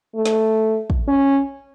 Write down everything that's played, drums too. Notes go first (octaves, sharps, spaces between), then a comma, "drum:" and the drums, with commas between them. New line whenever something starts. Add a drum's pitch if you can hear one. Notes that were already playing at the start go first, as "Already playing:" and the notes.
A3
drum: snare
drum: kick
C#4